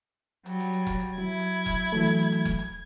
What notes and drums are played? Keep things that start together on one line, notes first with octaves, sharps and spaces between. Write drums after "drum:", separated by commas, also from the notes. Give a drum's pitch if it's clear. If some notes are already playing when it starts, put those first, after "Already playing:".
F#3 G3, drum: hi-hat
drum: hi-hat
drum: hi-hat
drum: kick E1, hi-hat
drum: hi-hat
F#3 E4 G#6
drum: hi-hat
drum: kick E1, hi-hat
E3 F#3 A3
drum: hi-hat
drum: hi-hat
drum: hi-hat
drum: kick E1, hi-hat
drum: hi-hat